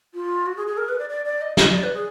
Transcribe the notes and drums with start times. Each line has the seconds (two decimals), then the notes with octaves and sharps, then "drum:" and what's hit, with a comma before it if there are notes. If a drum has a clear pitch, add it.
0.14 F4
0.46 F#4
0.57 G#4
0.67 G#4
0.77 A#4
0.89 B4
0.99 D5
1.10 D5
1.25 D5
1.41 D#5
1.57 D#5, drum: snare
1.73 D5
1.83 B4
1.94 G#4